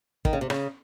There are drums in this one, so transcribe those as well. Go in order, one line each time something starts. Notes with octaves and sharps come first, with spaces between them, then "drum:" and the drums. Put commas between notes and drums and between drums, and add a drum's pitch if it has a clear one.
D#3, drum: kick
C#3
C3
C#3, drum: rim click